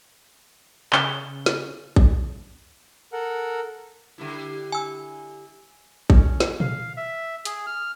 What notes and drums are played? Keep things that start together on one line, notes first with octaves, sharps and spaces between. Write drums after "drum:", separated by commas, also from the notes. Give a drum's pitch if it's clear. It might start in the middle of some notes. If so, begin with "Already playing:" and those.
C#3 G7, drum: clap
drum: snare
drum: kick A1
A4 A#4 F#5
D3 G3 E4
G#5 E6
C#4, drum: kick A1
drum: snare
F5, drum: tom A#2
E5
G#4, drum: hi-hat
F6